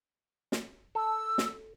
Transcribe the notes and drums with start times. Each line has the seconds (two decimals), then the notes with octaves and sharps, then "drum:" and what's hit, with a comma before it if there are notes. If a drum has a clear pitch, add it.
0.52 drum: snare
0.95 A4 E6
1.38 drum: snare